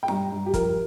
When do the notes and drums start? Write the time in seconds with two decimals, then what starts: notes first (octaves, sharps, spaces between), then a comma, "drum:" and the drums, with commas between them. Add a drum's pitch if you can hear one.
0.03 G5
0.08 G2 A#5, drum: snare
0.31 G2
0.46 G4
0.54 F3 A#4, drum: kick, hi-hat